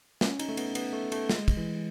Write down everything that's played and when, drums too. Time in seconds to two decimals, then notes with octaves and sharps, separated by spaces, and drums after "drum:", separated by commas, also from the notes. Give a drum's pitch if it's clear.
0.21 C#4, drum: snare
0.39 D#4, drum: cymbal
0.49 A3
0.57 B3, drum: cymbal
0.75 B3, drum: cymbal
0.93 A3
1.12 A3, drum: cymbal
1.29 G#3, drum: snare
1.48 drum: kick, cymbal
1.57 E3